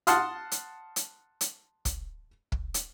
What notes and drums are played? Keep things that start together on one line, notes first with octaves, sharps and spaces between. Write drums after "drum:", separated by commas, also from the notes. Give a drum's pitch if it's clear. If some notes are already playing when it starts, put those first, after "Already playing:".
F#5 A5 C6 D#6 F6, drum: hi-hat
drum: hi-hat
drum: hi-hat
drum: hi-hat
drum: kick, hi-hat
drum: kick
drum: hi-hat